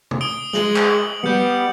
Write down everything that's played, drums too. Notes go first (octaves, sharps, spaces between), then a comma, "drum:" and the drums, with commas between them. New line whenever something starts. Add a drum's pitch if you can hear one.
drum: tom
D#6 D7 G7
G#3 F#7, drum: snare
drum: clap
G3 B3 G6 C#7